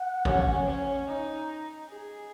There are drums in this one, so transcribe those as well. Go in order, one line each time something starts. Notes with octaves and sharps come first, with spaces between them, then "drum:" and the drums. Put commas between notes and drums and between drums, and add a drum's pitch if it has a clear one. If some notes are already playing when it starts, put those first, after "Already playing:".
Already playing: F#5
C#4, drum: kick G#1
C#4
D#4
G#4